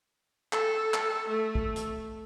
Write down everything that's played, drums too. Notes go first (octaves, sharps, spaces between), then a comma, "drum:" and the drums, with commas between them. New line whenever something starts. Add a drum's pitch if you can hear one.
A4, drum: clap
drum: clap
A3
drum: kick
drum: hi-hat